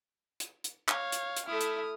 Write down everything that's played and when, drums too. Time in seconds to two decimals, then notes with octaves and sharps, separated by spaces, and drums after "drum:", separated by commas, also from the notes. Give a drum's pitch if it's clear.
0.40 drum: hi-hat
0.64 drum: hi-hat
0.88 C#5 F5, drum: clap
1.12 drum: hi-hat
1.37 drum: hi-hat
1.46 A3 E4 D#6 F6
1.61 drum: hi-hat